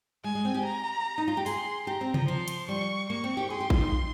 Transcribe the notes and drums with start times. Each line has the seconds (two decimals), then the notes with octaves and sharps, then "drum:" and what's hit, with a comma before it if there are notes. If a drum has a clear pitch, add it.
0.24 G#3 G#5
0.35 G#3
0.45 C4
0.55 G4
0.65 A#5
1.18 D#4
1.28 F4
1.37 G4
1.46 G#4 C6, drum: open hi-hat
1.87 G4 A#5
2.01 C4
2.14 F3, drum: tom C3
2.28 F3 C6
2.48 drum: hi-hat
2.68 G3 C#6
3.09 A#3 C#6
3.24 C4
3.37 G4
3.50 G#4 C6
3.60 G4
3.70 F4, drum: kick A1
3.81 D#4